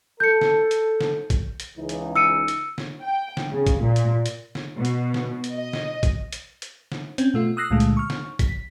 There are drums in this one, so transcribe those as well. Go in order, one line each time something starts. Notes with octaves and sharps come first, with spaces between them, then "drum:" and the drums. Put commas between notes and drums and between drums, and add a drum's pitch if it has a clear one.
A4 G6 C#7
drum: snare
drum: hi-hat
drum: snare
drum: kick, hi-hat
drum: hi-hat
C#2 E3 D#4
drum: hi-hat
E6 C#7 D#7
drum: hi-hat
drum: snare
G5
drum: snare
C#3
drum: kick, hi-hat
A#2
drum: hi-hat
drum: hi-hat
drum: snare
B2
drum: hi-hat
drum: snare
drum: hi-hat
D#5
drum: snare
drum: kick, hi-hat
drum: hi-hat
drum: hi-hat
drum: snare
C4 C#4, drum: hi-hat
B2 A3 F4
D#6 E6 F#6 A#6 C7
C#2 A#2 D3 G#3 A3
drum: hi-hat
C#6 F6
drum: snare
B6, drum: kick, hi-hat